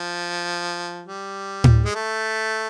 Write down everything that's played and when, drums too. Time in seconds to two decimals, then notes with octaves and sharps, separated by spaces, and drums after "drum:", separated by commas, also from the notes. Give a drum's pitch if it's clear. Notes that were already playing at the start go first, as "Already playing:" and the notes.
Already playing: F3
1.05 G3
1.64 drum: tom A2
1.85 G#3
1.95 A3